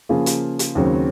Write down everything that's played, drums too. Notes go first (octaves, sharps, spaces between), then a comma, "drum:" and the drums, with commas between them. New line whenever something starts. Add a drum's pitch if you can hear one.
C#3 F3 A#3 F4 G#4
drum: hi-hat
drum: hi-hat
D#2 C#3 F#3 C4